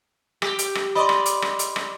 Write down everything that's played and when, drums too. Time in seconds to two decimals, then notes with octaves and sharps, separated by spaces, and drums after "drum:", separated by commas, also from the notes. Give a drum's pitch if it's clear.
0.42 G4, drum: rim click
0.59 drum: hi-hat
0.75 drum: rim click
0.95 D5 D#5 B5 C6
1.09 drum: rim click
1.26 drum: hi-hat
1.42 drum: rim click
1.59 drum: hi-hat
1.76 drum: rim click